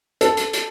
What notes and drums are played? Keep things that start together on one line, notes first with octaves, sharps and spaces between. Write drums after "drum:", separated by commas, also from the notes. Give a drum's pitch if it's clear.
A4, drum: hi-hat
drum: hi-hat
drum: hi-hat